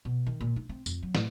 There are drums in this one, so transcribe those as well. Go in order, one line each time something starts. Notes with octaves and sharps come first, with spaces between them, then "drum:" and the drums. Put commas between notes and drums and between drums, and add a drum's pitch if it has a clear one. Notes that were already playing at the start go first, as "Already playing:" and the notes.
B2
D#3
A#2
D#4
C4
F2, drum: tambourine
F#3
A2, drum: snare